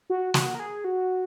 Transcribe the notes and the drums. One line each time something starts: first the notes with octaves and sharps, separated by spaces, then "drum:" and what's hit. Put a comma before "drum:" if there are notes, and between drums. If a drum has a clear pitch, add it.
F#4
F#4, drum: snare
A#4
G#4
F#4